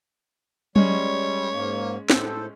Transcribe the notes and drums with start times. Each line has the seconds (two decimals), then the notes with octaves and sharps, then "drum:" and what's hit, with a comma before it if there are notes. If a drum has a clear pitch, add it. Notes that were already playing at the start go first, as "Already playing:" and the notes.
0.76 G3 G#3 C#4 C#5, drum: tom F#3
1.52 G#2 A#3
2.10 A2 A4 C5, drum: snare